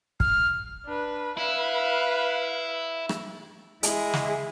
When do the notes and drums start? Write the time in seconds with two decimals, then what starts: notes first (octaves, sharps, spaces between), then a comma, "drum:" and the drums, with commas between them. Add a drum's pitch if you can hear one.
0.20 F6, drum: kick
0.86 D4 B4
1.37 E4 B4 F5
3.09 drum: rim click
3.83 G#3 E4 G#4, drum: hi-hat
4.14 drum: snare